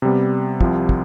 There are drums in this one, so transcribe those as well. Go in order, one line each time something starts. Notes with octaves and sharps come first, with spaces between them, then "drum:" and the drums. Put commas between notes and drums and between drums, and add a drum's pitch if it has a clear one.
C3 G3 B3
C2 C3 F3, drum: kick
drum: kick